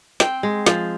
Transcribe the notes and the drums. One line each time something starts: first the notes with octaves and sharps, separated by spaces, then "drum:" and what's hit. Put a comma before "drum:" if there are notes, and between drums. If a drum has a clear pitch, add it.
C4 G5, drum: snare
G#3
F3, drum: snare